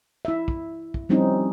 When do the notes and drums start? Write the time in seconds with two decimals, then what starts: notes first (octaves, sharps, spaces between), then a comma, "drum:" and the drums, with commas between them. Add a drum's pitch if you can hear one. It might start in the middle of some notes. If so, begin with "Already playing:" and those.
0.25 E4 E5
0.48 drum: kick
0.94 drum: kick
1.09 F3 G3 C4 C#4 D#4 E4